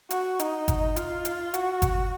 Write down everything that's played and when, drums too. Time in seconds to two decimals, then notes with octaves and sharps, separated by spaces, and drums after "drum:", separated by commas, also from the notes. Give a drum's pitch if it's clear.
0.10 F#4, drum: hi-hat
0.39 D#4, drum: hi-hat
0.68 drum: kick G1, hi-hat
0.96 F4, drum: hi-hat
1.25 drum: hi-hat
1.54 F#4, drum: hi-hat
1.82 drum: kick G1, hi-hat